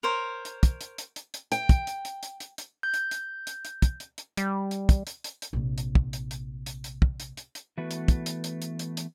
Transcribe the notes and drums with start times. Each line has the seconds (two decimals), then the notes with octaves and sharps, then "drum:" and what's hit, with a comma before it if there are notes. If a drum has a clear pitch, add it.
0.03 A#4 C5 C#5
0.45 drum: hi-hat
0.63 drum: kick, hi-hat
0.81 drum: hi-hat
0.98 drum: hi-hat
1.16 drum: hi-hat
1.34 drum: hi-hat
1.52 G5, drum: hi-hat
1.69 drum: kick, hi-hat
1.87 drum: hi-hat
2.05 drum: hi-hat
2.23 drum: hi-hat
2.40 drum: hi-hat
2.58 drum: hi-hat
2.83 G6
2.94 drum: hi-hat
3.11 drum: hi-hat
3.47 drum: hi-hat
3.65 drum: hi-hat
3.82 drum: kick, hi-hat
4.00 drum: hi-hat
4.18 drum: hi-hat
4.37 G3, drum: hi-hat
4.71 drum: hi-hat
4.89 drum: kick, hi-hat
5.07 drum: hi-hat
5.24 drum: hi-hat
5.42 drum: hi-hat
5.53 A#1 C3
5.78 drum: hi-hat
5.95 drum: kick
6.13 drum: hi-hat
6.31 drum: hi-hat
6.66 drum: hi-hat
6.84 drum: hi-hat
7.02 drum: kick
7.20 drum: hi-hat
7.37 drum: hi-hat
7.55 drum: hi-hat
7.78 E3 A3 B3 F#4 B4
7.91 drum: hi-hat
8.08 drum: kick, hi-hat
8.26 drum: hi-hat
8.44 drum: hi-hat
8.62 drum: hi-hat
8.79 drum: hi-hat
8.97 drum: hi-hat